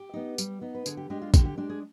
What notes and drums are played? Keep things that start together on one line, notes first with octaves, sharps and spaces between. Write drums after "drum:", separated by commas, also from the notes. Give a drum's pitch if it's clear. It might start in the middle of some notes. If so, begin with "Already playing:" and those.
Already playing: G4
B3 D#4
G3, drum: tambourine
B3 D#4
B4
D3 G#4, drum: tambourine
G4
G#3 D4 G4
F4
D3 G4, drum: kick A#1, tambourine
G4
G#3 D4 G4
G#4